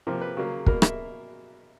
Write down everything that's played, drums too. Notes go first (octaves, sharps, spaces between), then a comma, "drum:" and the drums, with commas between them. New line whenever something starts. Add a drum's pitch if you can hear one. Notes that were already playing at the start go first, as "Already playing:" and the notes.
C3 F3 A#3 A#4
B4
C#3 F#3 A#3
B2 F#3 A#3 A#4, drum: kick
E5, drum: rim click